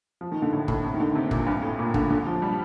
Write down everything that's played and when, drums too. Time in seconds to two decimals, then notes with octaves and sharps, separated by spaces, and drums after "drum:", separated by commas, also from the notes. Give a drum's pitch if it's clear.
0.21 F3
0.32 D#3
0.42 D3
0.52 A2
0.68 A2, drum: kick
0.84 C3
0.94 D#3
1.00 D3
1.15 C3
1.31 A#2, drum: kick
1.47 G2
1.62 A2
1.79 A#2
1.94 D3, drum: kick
2.10 D3
2.27 F3
2.42 G3